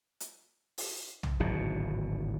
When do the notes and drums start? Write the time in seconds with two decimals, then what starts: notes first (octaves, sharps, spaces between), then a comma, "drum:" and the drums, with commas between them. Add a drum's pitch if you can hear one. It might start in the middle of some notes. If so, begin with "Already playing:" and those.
0.20 drum: hi-hat
0.78 drum: open hi-hat
1.23 drum: tom B1
1.40 D1 G#1 B2 F#3